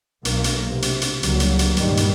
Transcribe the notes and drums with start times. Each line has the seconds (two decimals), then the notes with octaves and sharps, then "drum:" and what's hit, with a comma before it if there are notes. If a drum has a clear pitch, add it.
0.25 B1 A#3, drum: hi-hat
0.44 drum: hi-hat
0.68 C3
0.82 drum: hi-hat
1.02 drum: hi-hat
1.23 C#2 C#3 F#3 G3 A#3, drum: hi-hat
1.40 drum: hi-hat
1.59 drum: hi-hat
1.77 G2 A#2 D#3 G3, drum: hi-hat
1.97 drum: hi-hat